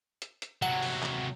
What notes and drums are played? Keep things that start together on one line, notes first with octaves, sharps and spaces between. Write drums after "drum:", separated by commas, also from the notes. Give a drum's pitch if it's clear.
drum: hi-hat
drum: hi-hat
C3 F#3 F#5, drum: hi-hat
drum: open hi-hat
drum: clap